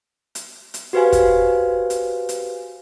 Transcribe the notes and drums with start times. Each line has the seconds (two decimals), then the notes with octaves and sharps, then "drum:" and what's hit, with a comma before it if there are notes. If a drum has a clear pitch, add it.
0.35 drum: hi-hat
0.74 drum: hi-hat
0.93 F#4 G4 B4 C5 F5 G#5
1.12 drum: kick, hi-hat
1.90 drum: hi-hat
2.29 drum: hi-hat